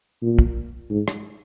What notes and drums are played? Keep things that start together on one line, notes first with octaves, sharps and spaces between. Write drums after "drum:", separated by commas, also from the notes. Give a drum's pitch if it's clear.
A#2
drum: kick
G#2
drum: rim click